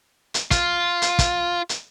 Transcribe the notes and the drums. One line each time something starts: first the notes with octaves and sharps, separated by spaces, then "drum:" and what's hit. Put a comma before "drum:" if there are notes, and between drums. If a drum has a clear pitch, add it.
drum: hi-hat
F4, drum: kick, hi-hat
drum: hi-hat
drum: kick, hi-hat
drum: hi-hat